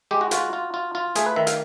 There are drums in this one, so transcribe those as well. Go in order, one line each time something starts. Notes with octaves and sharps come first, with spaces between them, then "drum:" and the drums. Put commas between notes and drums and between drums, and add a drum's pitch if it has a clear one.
G#3 G4
F#4
F4 F#4, drum: hi-hat
F4
F4
F4
A3 G#4, drum: hi-hat
B4
D#3 E5
F5, drum: hi-hat